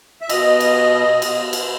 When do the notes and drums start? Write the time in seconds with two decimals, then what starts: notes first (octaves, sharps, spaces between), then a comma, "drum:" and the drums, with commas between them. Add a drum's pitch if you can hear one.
0.21 E5
0.30 B2 D#5, drum: cymbal
0.60 drum: cymbal
1.22 B2, drum: cymbal
1.53 drum: cymbal